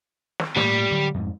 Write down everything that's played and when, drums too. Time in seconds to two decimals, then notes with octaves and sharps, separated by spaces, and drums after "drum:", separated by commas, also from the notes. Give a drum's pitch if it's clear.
0.40 drum: snare
0.57 A2 G3 A#3, drum: snare
0.91 D3 F#3
1.14 F2 G#2